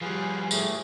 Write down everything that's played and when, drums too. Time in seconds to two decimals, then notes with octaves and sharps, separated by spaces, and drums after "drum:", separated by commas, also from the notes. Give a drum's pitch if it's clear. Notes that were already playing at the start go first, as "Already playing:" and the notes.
0.01 F3 G3 G#4 B4 F5 G#5
0.51 A2 E3 A3 G#4, drum: tambourine